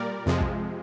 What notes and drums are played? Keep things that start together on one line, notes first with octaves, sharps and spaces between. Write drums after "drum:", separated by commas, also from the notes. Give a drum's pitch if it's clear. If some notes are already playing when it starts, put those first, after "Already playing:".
Already playing: A#2 G3 A#4 D5
F2 C3 F3 G#3
drum: kick